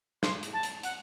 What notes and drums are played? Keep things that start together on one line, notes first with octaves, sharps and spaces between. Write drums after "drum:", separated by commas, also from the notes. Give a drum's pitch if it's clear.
C6, drum: snare
drum: hi-hat
A5
drum: hi-hat
F#5, drum: hi-hat